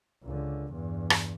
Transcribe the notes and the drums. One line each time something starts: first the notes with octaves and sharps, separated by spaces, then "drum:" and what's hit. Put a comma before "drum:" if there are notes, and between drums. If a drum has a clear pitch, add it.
C#2 D3
E2 G2
drum: rim click